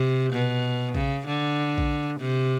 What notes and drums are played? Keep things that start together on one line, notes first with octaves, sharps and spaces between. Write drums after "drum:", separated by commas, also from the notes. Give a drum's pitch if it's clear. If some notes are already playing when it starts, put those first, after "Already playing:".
Already playing: C3
B2
C#3, drum: kick A#1
D3
drum: kick A#1
C3